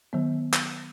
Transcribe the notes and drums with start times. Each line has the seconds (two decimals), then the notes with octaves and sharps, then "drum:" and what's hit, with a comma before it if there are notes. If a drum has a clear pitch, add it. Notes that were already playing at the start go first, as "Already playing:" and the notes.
0.13 D#3 F#3 B3
0.54 drum: clap